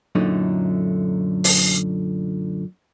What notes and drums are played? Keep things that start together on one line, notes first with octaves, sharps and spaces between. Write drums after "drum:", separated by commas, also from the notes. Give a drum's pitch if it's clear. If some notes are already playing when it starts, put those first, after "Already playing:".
F#2 A#2 D3 A3 D#4
drum: open hi-hat